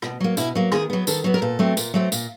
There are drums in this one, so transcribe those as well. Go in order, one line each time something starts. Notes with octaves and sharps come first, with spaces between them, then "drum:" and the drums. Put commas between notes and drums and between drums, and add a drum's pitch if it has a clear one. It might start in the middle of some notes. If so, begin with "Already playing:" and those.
B2, drum: rim click
F#3 A#3
B2 E4, drum: tambourine
F#3 A#3
D#3 G#4, drum: rim click
F#3 B3
D#3 A4, drum: tambourine
F#3 B3
A#4
A#2 A4
F#3 A3 C4
A#2, drum: tambourine
F#3 A3 C4
A#2, drum: tambourine